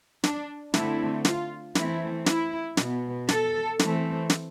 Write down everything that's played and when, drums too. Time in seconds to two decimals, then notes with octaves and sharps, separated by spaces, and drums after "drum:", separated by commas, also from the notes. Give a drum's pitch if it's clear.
0.24 D4, drum: snare
0.74 D3 A3 C4 E4, drum: snare
1.25 F4, drum: snare
1.75 E3 A3 C4 E4, drum: snare
2.26 E4, drum: snare
2.77 B2 B3, drum: snare
3.29 A4, drum: snare
3.79 E3 A3 C4, drum: snare
4.30 drum: snare